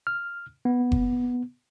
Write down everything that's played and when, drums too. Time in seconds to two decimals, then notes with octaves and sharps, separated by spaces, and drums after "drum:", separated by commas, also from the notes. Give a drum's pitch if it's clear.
0.07 F6
0.65 B3
0.92 drum: kick F#1